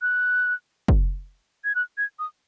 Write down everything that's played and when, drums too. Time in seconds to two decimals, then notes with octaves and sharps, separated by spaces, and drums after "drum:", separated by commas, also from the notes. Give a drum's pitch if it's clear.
0.02 F#6
0.88 drum: kick
1.64 G#6
1.75 F#6
1.98 G#6
2.19 D#6